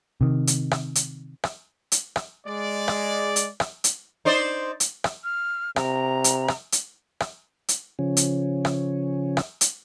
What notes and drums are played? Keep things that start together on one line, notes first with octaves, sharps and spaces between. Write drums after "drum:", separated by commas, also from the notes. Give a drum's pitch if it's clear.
C3 D#3
drum: hi-hat
drum: rim click
drum: hi-hat
drum: rim click
drum: hi-hat
drum: rim click
G#3 D5
drum: rim click
drum: hi-hat
drum: rim click
drum: hi-hat
D#4 C5 D5
drum: hi-hat
drum: rim click
F6
C3 A#5, drum: rim click
drum: hi-hat
drum: rim click
drum: hi-hat
drum: rim click
drum: hi-hat
C#3 F3 C#4
drum: hi-hat
drum: rim click
drum: rim click
drum: hi-hat